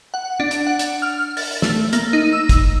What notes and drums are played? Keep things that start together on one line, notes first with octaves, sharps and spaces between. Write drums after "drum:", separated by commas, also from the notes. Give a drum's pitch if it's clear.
F#5
D4
drum: hi-hat
F#5
drum: hi-hat
F6
A6, drum: open hi-hat
A3, drum: snare
A#3, drum: hi-hat
D#4
E6
drum: kick, hi-hat